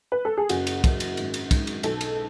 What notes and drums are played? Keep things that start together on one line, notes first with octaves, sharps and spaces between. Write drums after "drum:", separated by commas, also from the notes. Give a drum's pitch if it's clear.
B4
A4
G#4
F#1 F#4, drum: cymbal
drum: cymbal
F#2, drum: kick, cymbal
drum: cymbal
G#1, drum: cymbal
drum: cymbal
G#2, drum: kick, cymbal
drum: cymbal
B1 A4, drum: cymbal
drum: cymbal